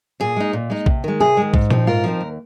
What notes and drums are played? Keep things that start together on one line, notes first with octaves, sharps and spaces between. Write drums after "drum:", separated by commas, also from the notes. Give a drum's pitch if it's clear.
A#2 G#4
G#3 D#4
A#2
G#3 D#4
C3, drum: kick A#1
D#3 G#3
C3 G#4
D#3 G#3
G#2, drum: kick A#1
F3 C4 D#4, drum: tom A#2
G#2 F4 A#4
F3 C4 D#4
D#2